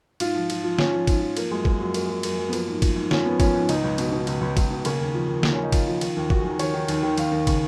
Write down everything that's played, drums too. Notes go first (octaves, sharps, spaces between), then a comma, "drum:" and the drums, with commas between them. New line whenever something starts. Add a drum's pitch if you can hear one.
G#2 F4, drum: cymbal
F3
F3, drum: cymbal
F3
F3 C#4, drum: snare
F3
G#2, drum: kick, cymbal
F3
F3 A#3, drum: cymbal
F#2 G#3
F#2 A#3, drum: kick
F#2
F#2 A#3, drum: cymbal
G#4
F#2
F#2 A#3, drum: cymbal
F#2
B3
F3 A#3, drum: cymbal
G#2
F3, drum: kick, cymbal
G#2
F3 C#4, drum: snare
F3 B3
F3 C#4, drum: kick, cymbal
G#2
C#2 D#4, drum: cymbal
C#2
B2, drum: cymbal
B2
C#2, drum: cymbal
C#2
C#2, drum: kick, cymbal
B2
C#3 A#3, drum: cymbal
D#2
F3
D#2
D#2 A#3, drum: snare
C#4
C#3
D#4
F3 F4, drum: kick, cymbal
F3
D#3, drum: cymbal
D#2
D#2 F#4, drum: kick
G#4
D#2 A#4
D#3 C#5, drum: cymbal
D#3
D#2, drum: cymbal
D#3
D#2 F5, drum: cymbal
D#2
C#3, drum: kick, cymbal